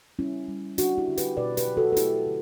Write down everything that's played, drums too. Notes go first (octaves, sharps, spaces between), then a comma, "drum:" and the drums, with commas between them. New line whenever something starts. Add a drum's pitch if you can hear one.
G3 C#4 E4
G3
D3 D4 F#4, drum: hi-hat
E4 G4
D3
G4 B4, drum: hi-hat
B2 B4 D5
G4 B4, drum: hi-hat
F#3
F#4 A4
A4
A3 E4 G4, drum: hi-hat
D3